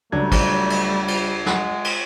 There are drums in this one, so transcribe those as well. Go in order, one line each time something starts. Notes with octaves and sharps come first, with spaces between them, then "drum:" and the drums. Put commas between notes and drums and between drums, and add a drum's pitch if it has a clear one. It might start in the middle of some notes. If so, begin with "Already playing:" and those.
C#2 F#3 G3 A3 D4 G#6
drum: kick, cymbal
drum: cymbal
drum: cymbal
G#3 F#5, drum: snare
drum: cymbal